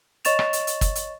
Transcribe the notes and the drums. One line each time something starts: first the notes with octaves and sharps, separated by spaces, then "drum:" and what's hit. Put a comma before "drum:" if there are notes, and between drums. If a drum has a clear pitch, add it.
C#5 D#5 C#6 A6 E7 F7, drum: hi-hat
drum: rim click
drum: hi-hat
drum: hi-hat
drum: kick, hi-hat
drum: hi-hat